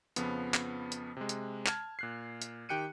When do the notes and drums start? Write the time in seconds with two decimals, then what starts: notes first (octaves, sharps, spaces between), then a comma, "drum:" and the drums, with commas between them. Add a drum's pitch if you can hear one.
0.16 F2 C#3 F3 B3, drum: hi-hat
0.54 drum: clap
0.92 drum: hi-hat
1.17 C3 G#3
1.29 drum: hi-hat
1.67 A5 F6 G#6, drum: clap
1.99 A#2 F#6 C7
2.42 drum: hi-hat
2.69 D#3 G4 G5 F#6 C#7 D#7